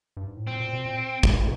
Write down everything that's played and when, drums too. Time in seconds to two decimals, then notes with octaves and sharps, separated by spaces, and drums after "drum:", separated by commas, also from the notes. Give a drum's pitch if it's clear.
0.17 G2
0.27 G#2
0.37 A2
0.47 A#2 C4
0.60 A#2
0.73 B2
0.86 A#2
1.23 drum: kick